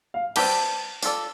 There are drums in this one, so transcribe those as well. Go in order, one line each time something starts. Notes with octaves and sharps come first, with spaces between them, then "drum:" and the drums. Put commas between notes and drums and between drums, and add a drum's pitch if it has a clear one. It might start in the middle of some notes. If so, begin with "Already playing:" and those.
F5
G3 C4 G4 B4 A5, drum: cymbal
D4 F4 A4 D5, drum: open hi-hat